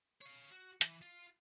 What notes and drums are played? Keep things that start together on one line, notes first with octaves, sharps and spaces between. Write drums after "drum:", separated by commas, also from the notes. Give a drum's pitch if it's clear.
C#5 F5
F#4
E3, drum: hi-hat
F4